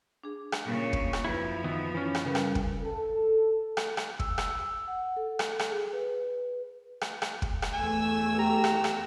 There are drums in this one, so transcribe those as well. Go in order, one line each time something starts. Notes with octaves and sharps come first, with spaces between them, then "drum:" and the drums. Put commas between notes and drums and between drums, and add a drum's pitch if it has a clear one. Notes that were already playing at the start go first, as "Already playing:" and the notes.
D4 G#4
drum: rim click
A#2 C#3
drum: kick
drum: rim click
F#2 F3 E4 B4
D#3 E3 B3
E3 C#4
drum: rim click
C#3 G3 A#4 B4
drum: rim click
drum: kick
A4
drum: rim click
drum: rim click
E6, drum: kick
drum: rim click
F#5
A4
drum: rim click
drum: rim click
G#4
B4
drum: rim click
drum: rim click
drum: kick
drum: rim click
E2 A3 G#5 E6
G4 A#5
drum: rim click
drum: rim click